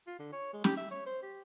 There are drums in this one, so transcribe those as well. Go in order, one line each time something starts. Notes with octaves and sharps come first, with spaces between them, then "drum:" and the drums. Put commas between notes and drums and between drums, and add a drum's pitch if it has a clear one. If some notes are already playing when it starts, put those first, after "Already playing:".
F4
D3
C#5
G#3
G4, drum: snare
E5
C#5
C5
G4